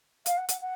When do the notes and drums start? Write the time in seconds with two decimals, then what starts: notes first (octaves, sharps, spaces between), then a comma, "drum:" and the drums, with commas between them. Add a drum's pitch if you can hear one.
0.26 F5, drum: hi-hat
0.37 F#5
0.49 F#5, drum: hi-hat
0.61 F#5